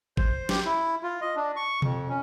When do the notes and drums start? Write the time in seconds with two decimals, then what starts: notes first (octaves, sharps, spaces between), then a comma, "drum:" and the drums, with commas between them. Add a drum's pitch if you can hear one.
0.17 C5, drum: kick G#1
0.49 G4, drum: snare
0.66 E4
1.03 F4
1.21 D#5
1.36 D4
1.56 C#6
1.82 F2, drum: tom B2
2.09 C#4